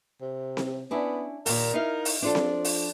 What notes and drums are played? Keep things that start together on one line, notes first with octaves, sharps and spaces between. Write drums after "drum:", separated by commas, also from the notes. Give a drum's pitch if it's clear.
C3
drum: snare C4
B3 C#4 D4 E4
D#2 A#2 A#4, drum: open hi-hat
D#4 E4 F5
drum: open hi-hat
F3 D4 F4 A4
drum: snare C4
drum: open hi-hat